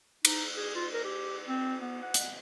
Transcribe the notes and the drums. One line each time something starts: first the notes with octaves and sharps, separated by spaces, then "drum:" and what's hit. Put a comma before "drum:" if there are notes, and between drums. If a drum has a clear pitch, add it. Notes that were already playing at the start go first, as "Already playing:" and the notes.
D#4, drum: cymbal
G#4
F4
A#4
G4
C4
B3
F#5
drum: hi-hat